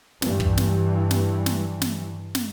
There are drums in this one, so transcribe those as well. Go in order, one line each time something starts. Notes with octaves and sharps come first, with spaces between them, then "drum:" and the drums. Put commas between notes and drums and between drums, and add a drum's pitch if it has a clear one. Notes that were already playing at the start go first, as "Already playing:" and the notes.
G2 E3, drum: snare
drum: kick
drum: snare
drum: snare
drum: snare
drum: snare
drum: snare